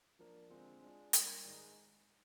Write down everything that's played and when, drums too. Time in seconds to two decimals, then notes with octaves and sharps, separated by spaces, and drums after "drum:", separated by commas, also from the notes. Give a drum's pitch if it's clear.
0.19 F3 A#3 D4
0.50 D3 G#3 C4 F4
0.82 G#3 D4 F4
1.13 G3 A#3 D4, drum: hi-hat
1.44 G#2 D#3 G#3 D#4